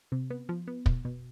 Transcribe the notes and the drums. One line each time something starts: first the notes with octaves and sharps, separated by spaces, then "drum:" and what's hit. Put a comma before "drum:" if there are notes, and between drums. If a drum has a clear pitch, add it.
C3
B3
F3
B3
B2, drum: kick
B2